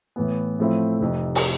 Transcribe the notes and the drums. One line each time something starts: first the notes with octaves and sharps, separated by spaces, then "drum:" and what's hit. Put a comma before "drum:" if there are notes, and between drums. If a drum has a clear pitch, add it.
A2 E3 B3
A2 F3 A3 C4 E4
F1 F2 C3
drum: open hi-hat